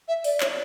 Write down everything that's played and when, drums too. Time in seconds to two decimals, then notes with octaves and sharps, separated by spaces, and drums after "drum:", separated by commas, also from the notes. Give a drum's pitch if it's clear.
0.08 E5
0.24 D5, drum: open hi-hat
0.40 C#5, drum: clap